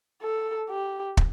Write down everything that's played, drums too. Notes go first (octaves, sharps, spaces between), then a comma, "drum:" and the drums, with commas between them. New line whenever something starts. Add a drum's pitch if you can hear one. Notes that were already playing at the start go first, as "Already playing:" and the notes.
A4
G4
drum: kick